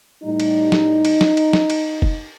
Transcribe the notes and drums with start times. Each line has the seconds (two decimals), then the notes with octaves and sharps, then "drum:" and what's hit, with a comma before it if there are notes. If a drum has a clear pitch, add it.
0.23 A2 G3 D#4
0.40 drum: cymbal
0.72 drum: snare
1.05 drum: cymbal
1.21 drum: snare
1.37 drum: cymbal
1.53 drum: snare
1.70 drum: cymbal
2.02 drum: kick F1